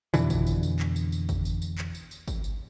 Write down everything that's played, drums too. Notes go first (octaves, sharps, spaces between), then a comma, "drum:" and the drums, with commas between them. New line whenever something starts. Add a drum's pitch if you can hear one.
F2 B2 D3 E3, drum: tambourine
drum: kick, tambourine
drum: tambourine
drum: tambourine
drum: clap
drum: tambourine
drum: tambourine
drum: kick, tambourine
drum: tambourine
drum: tambourine
drum: clap
drum: tambourine
drum: tambourine
drum: kick, tambourine
drum: tambourine